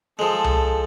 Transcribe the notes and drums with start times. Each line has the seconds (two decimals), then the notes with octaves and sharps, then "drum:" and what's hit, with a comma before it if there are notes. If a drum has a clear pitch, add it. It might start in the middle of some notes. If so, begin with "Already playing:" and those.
0.19 F3 G#3 A4
0.44 drum: tom C2